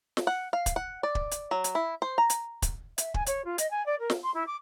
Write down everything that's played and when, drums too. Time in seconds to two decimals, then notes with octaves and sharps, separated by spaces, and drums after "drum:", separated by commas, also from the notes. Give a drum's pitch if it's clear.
0.17 drum: snare
0.27 F#5
0.53 F5
0.66 drum: kick, hi-hat
0.76 F#5
1.03 D5
1.15 drum: kick
1.31 drum: hi-hat
1.51 F#3
1.64 drum: hi-hat
1.75 E4
2.02 C5
2.18 A#5
2.30 drum: hi-hat
2.62 drum: kick, hi-hat
2.98 E5, drum: hi-hat
3.14 G#5, drum: kick
3.26 C#5, drum: hi-hat
3.44 F4
3.58 D#5, drum: hi-hat
3.70 G#5
3.86 D5
3.99 A#4
4.10 drum: snare
4.22 C6
4.34 E4
4.46 D6